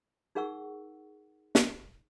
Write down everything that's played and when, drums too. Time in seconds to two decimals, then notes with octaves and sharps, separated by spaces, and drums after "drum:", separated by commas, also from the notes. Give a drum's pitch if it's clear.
0.35 D#4 G#4 A#4 F#5 C#6 E6
1.55 drum: snare